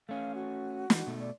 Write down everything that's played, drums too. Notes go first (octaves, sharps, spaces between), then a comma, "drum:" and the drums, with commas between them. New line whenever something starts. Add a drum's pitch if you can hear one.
A3 C#4 F5
F#4
E3, drum: snare
B2 A3
D5